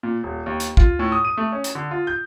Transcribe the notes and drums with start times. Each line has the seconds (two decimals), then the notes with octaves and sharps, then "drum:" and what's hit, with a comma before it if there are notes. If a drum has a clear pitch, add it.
0.03 A#2
0.23 D#1
0.46 D#2
0.60 drum: hi-hat
0.77 F4, drum: kick
0.99 A2
1.12 D#6
1.25 D#7
1.37 A3
1.52 C#4
1.64 drum: hi-hat
1.75 D3
1.91 F4
2.07 G6